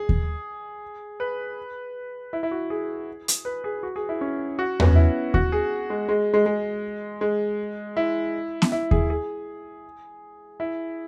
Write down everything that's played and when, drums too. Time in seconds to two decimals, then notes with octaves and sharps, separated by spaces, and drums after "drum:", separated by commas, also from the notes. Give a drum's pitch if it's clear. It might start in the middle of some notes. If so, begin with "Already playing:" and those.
Already playing: G#4
0.09 drum: kick D#2
1.20 B4
2.33 E4
2.43 E4
2.51 F#4
2.70 G#4
3.28 drum: hi-hat
3.45 B4
3.64 G#4
3.83 F#4
3.96 G#4
4.09 E4
4.21 C#4
4.59 F#4
4.80 B3, drum: tom E2
4.87 C#4
4.95 E4
5.34 F#4, drum: kick D#2
5.52 G#4
5.90 G#3
6.09 G#3
6.34 G#3
6.46 G#3
7.21 G#3
7.97 E4
8.62 drum: snare B3
8.72 E4
8.91 G#4, drum: kick D#2
9.10 G#4
10.60 E4